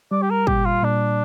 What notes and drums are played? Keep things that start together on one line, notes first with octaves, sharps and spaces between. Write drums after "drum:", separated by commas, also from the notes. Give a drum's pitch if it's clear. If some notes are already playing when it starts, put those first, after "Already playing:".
G3 D5
G4
A#4
A#2 G4, drum: kick
F4
A#2 D4